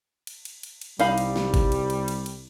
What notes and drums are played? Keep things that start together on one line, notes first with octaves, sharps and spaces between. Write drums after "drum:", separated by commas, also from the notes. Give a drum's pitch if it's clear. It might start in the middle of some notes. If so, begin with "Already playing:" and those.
drum: cymbal
drum: cymbal
drum: cymbal
drum: cymbal
C2 G3 D#4 F5 B5, drum: cymbal
drum: cymbal
drum: snare
drum: kick G#1, cymbal
drum: cymbal
drum: cymbal
drum: cymbal
drum: cymbal